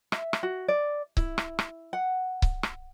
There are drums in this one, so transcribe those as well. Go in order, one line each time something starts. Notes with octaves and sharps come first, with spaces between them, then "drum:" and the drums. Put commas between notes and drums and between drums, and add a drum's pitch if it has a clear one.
E5, drum: rim click
drum: rim click
F#4
D5
E4, drum: kick C#1
drum: rim click
drum: rim click
F#5
drum: kick C#1
drum: rim click